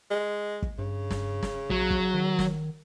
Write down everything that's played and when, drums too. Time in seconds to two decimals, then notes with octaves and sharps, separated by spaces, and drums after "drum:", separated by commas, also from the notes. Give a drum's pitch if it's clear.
0.10 G#3
0.62 drum: kick
0.78 G2 C#3
1.10 drum: snare
1.43 drum: snare
1.70 A#1 F#3
1.91 drum: kick
2.14 D#3
2.39 drum: snare